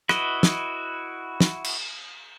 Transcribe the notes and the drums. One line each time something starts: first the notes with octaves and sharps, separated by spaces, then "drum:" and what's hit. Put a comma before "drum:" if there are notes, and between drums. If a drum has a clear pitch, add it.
E4 F#4 B4 D#5, drum: rim click
drum: snare
drum: snare
drum: cymbal